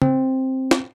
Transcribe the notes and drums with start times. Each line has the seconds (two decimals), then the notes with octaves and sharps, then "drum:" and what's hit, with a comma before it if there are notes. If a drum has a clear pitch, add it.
0.02 C4, drum: tom C#3
0.71 drum: snare